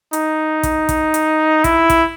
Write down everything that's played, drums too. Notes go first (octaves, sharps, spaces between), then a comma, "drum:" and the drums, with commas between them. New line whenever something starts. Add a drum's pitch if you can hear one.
D#4, drum: hi-hat
drum: kick, hi-hat
drum: kick, hi-hat
drum: hi-hat
E4, drum: kick, hi-hat
drum: kick, hi-hat